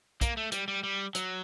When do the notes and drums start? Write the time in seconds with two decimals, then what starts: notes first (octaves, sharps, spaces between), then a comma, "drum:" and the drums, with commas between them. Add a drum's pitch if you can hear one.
0.21 A#3, drum: kick, hi-hat
0.37 A3
0.52 G3, drum: hi-hat
0.68 G3
0.83 G3
1.15 F#3, drum: hi-hat